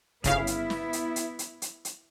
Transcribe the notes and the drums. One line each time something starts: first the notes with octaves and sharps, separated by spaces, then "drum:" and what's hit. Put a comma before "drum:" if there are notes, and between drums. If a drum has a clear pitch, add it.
G1 C#3 B3 E4 F5, drum: kick E1, hi-hat
drum: hi-hat
drum: snare
drum: hi-hat
drum: hi-hat
drum: hi-hat
drum: hi-hat
drum: hi-hat